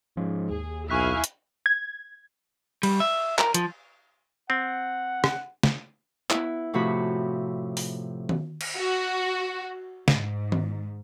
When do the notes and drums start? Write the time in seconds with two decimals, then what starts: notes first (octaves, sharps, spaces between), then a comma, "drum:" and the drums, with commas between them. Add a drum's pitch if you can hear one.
0.17 G#2 F3 C#4
0.50 D#2 G#4
0.90 B1 E4 F5 G#5 C#6 F#6 B6
1.24 drum: hi-hat
1.66 G#6
2.83 G3, drum: cymbal
3.00 E5
3.38 A#4, drum: clap
3.54 F3, drum: hi-hat
4.50 C4 F#5
5.24 drum: rim click
5.63 drum: snare
6.30 B3 E4, drum: clap
6.73 A2 C3 F3 F#4 C#5 B5
7.77 drum: open hi-hat
8.29 drum: tom D#3
8.61 drum: cymbal
8.77 F#4
10.08 G#2, drum: snare
10.52 drum: tom D#3